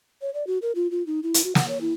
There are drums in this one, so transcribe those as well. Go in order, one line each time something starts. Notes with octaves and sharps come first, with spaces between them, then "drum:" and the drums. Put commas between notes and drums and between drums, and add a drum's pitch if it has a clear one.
C#5
D5
F#4
A#4
F4
F4
D#4
E4
drum: hi-hat
F#4
F#5, drum: snare
C#5
E4